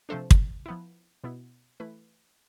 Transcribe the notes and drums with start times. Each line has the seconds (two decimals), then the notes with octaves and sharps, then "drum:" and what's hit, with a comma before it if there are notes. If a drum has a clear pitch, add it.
0.09 C3 F3 A3 D4 A4 C5
0.31 drum: kick
0.66 F3 B3 E4
1.24 B2 B3 E4
1.80 E3 A3 E4 B4